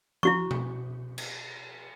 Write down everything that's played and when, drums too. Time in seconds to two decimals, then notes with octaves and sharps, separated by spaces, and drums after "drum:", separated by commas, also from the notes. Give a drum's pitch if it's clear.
0.23 E4 F#4 C#6, drum: tom F3
0.51 drum: tom B2
1.18 drum: cymbal